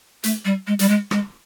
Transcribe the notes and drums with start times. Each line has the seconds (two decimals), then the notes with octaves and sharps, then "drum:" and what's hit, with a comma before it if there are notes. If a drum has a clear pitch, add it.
0.24 A3, drum: hi-hat
0.45 G3
0.67 G#3
0.79 G3, drum: hi-hat
0.88 G#3
1.11 G#3, drum: rim click